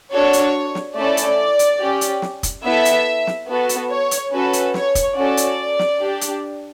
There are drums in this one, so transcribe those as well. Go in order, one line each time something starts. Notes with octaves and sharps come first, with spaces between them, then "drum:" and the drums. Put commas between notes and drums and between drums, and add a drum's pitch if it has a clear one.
D4 F#4 A4 C#5
drum: hi-hat
drum: snare
A3 C#4 E4 A4 D5
drum: hi-hat
drum: hi-hat
C#4 G4
drum: hi-hat
drum: snare
drum: kick, hi-hat
B3 E4 A4 E5
drum: hi-hat
drum: snare
B3 F#4 A4
drum: hi-hat
C#5
drum: hi-hat
C#4 F#4 A4 B4
drum: hi-hat
C#5, drum: snare
drum: kick, hi-hat
C#4 F#4 A4 D5
drum: hi-hat
drum: snare
D4 G4
drum: hi-hat